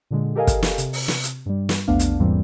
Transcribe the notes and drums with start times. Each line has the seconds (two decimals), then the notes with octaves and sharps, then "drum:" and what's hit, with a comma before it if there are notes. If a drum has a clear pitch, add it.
0.11 A#2 D3 G#3
0.35 G4 A4 A#4 D#5 F5 G#5
0.47 drum: kick, hi-hat
0.63 drum: snare
0.78 C3, drum: hi-hat
0.93 drum: open hi-hat
1.08 drum: snare
1.23 drum: hi-hat
1.46 G2 G3
1.69 drum: snare
1.87 A#1 E2 A3 B3 D4 F5
1.99 drum: hi-hat
2.20 E2 G#2 E3 G3 A#3 C4